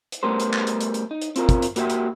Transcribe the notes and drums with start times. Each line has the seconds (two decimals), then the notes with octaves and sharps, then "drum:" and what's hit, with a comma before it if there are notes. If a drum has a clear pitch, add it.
0.12 drum: hi-hat
0.23 G3 A3 B3 A#4 C5
0.40 drum: hi-hat
0.53 drum: clap
0.67 drum: hi-hat
0.81 drum: hi-hat
0.94 drum: hi-hat
1.11 D#4
1.21 drum: hi-hat
1.36 C4 F4 A#4, drum: hi-hat
1.49 drum: kick, hi-hat
1.62 drum: hi-hat
1.76 A#3 F#4 G4 C5 E5, drum: hi-hat
1.90 drum: hi-hat